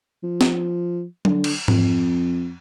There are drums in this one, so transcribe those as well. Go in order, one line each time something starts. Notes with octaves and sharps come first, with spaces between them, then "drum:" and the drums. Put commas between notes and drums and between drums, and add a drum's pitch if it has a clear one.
F3
drum: snare
D3, drum: tom F#3
drum: cymbal
F2, drum: tom G#2